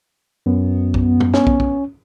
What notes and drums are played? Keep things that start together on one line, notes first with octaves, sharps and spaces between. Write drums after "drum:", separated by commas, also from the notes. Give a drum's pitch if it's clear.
F#2 B3
drum: kick
drum: tom
C#4, drum: snare
drum: kick
drum: kick